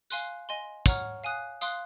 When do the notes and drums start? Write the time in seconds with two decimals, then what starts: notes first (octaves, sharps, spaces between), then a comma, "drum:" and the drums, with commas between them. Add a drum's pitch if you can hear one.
0.10 F5 G#5 C6 F#6, drum: tambourine
0.49 D#5 G#5 C6
0.86 C#5 F#5 A#5 C#6 F6, drum: kick, tambourine
1.24 F5 G#5 D#6 F#6
1.61 F5 C6 D#6 F#6, drum: tambourine